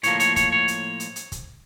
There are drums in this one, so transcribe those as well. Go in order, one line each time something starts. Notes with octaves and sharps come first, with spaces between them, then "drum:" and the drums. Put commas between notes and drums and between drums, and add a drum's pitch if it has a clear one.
A2 F3 A#3 C#5, drum: hi-hat
C#5, drum: hi-hat
C#5, drum: kick, hi-hat
C#5
drum: hi-hat
drum: hi-hat
drum: hi-hat
drum: kick, hi-hat